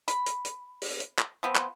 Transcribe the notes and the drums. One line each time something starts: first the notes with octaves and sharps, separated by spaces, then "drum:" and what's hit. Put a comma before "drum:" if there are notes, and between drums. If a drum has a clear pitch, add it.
B5, drum: hi-hat
drum: hi-hat
drum: hi-hat
drum: open hi-hat
drum: hi-hat
drum: clap
F3 B3 C4
drum: clap